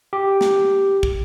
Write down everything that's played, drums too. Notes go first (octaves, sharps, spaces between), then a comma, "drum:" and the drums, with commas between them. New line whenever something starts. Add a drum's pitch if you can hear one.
G4
drum: snare
drum: kick